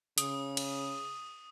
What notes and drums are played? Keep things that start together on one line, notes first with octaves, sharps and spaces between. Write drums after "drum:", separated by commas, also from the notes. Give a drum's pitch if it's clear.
C#3 D#6, drum: hi-hat
drum: cymbal